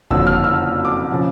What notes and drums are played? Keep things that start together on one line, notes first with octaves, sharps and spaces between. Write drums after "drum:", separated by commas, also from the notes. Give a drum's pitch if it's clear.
F#1 F2 D3 F#3 E6, drum: kick G1
F6
E6
D6
C#3 F3